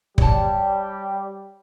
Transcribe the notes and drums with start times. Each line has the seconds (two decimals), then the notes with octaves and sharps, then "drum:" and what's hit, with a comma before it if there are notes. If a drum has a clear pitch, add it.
0.18 G3 G4 C#5 A5, drum: kick